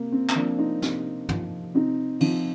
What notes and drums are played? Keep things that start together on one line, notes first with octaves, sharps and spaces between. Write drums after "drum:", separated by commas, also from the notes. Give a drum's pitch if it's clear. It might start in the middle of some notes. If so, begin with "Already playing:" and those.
Already playing: C3 A#3
C4
C4, drum: clap
F3 A#3 D4
C4 D#4
C3, drum: snare
F3, drum: tom
C3 C4 D#4
F3 C4 D#4, drum: cymbal